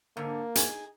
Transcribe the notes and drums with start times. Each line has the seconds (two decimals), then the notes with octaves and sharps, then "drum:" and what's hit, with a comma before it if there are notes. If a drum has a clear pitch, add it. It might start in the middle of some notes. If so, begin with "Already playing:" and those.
0.17 G#2 D3 A#3
0.55 D#4 G#4, drum: hi-hat